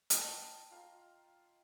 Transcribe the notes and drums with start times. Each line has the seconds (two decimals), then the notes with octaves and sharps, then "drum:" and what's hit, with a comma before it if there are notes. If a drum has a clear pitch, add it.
0.10 D#5 G5 A5, drum: hi-hat
0.71 F4 F5 A#5 C6